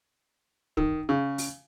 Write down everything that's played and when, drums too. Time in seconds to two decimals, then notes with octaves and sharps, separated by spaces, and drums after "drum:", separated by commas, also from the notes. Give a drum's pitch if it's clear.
0.77 D#3, drum: kick
1.09 C#3
1.38 drum: open hi-hat